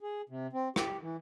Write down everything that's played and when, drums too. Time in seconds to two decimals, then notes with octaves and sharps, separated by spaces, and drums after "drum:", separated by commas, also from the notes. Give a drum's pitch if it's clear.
0.01 G#4
0.29 C3
0.53 C4
0.76 G4, drum: rim click
1.01 E3